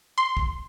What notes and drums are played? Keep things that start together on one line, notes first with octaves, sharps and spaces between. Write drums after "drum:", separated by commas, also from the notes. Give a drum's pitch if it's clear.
C6
drum: kick